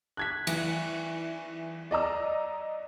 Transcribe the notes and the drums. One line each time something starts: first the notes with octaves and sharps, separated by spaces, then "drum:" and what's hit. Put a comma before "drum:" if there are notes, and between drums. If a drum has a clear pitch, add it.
F#6 G#6 B6
E3, drum: cymbal
D5 D#5 A#5 E6